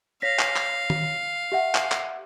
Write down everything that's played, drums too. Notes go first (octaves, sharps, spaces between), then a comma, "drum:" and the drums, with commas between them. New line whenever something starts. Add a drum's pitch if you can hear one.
C#5 F5 A#6 B6
drum: clap
drum: clap
drum: tom D#3
G4 E5 F#5
drum: clap
drum: clap